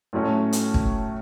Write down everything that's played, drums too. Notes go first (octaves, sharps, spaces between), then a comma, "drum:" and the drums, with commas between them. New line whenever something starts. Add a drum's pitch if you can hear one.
A2 F#3 A3 C#4
drum: hi-hat
drum: kick